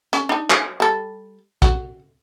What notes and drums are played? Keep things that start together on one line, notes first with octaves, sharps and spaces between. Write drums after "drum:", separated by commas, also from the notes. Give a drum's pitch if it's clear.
C#4, drum: hi-hat
D4 D#4
drum: clap
G3 A4
F#4, drum: kick, hi-hat